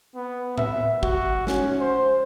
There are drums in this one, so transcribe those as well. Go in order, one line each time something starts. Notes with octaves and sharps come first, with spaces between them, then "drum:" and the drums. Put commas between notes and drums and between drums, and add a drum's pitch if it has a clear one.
B3
E5, drum: tom A2
F#4, drum: kick
C#4, drum: snare
C5